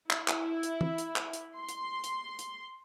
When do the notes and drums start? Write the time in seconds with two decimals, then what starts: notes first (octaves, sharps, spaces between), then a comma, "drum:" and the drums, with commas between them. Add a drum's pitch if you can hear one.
0.10 E4, drum: clap
0.28 drum: clap
0.63 drum: hi-hat
0.81 drum: tom E3
0.98 drum: hi-hat
1.16 drum: clap
1.33 drum: hi-hat
1.58 C6
1.69 drum: hi-hat
2.04 drum: hi-hat
2.39 drum: hi-hat